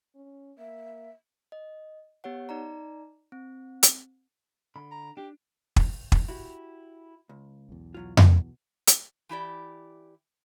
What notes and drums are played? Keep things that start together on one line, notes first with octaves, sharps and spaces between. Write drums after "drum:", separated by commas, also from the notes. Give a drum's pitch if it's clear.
C#4
A#3 E5
D#5
B3 G4 C#5 F#5
D#4 D5 A#5
C4
drum: hi-hat
D3 B5
A#5
D4 G4
drum: kick
drum: kick
E4 F#4 G4
C#2
B1 E2
B2 F#3 F4
B2, drum: tom F2
drum: hi-hat
E3 E4 G4 D5